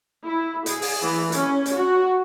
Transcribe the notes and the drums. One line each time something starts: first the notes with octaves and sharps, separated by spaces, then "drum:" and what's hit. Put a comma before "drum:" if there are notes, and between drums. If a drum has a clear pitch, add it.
E4
G#4, drum: hi-hat
drum: open hi-hat
E3
C#4, drum: hi-hat
drum: hi-hat
F#4